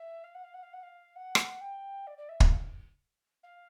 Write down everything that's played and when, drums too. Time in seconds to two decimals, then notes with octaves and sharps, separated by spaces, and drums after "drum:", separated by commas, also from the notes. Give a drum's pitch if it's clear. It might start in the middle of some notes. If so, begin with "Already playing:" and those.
Already playing: E5
0.23 F5
0.34 F#5
0.43 F5
0.53 F#5
0.62 F5
0.73 F#5
0.82 F5
1.15 F#5
1.35 drum: rim click
1.60 G5
2.06 D5
2.17 D5
2.28 E5
2.40 F5, drum: kick
3.43 F5